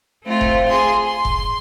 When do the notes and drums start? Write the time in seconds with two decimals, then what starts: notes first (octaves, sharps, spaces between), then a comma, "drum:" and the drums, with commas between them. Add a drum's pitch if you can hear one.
0.24 A3 C4 F4
0.41 drum: kick F1
0.68 G#4 C6
1.04 C6
1.25 drum: kick F1